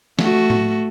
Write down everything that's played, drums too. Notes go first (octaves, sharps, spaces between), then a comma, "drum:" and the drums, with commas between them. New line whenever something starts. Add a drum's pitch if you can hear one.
A3 F#4, drum: snare
drum: tom A2